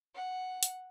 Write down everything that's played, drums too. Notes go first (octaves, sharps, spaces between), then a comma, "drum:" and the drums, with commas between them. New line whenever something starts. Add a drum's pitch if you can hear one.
F#5
drum: hi-hat